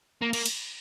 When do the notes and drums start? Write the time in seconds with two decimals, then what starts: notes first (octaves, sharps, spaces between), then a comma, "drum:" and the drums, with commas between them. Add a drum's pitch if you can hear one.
0.22 A#3
0.33 A#3, drum: cymbal
0.46 drum: cymbal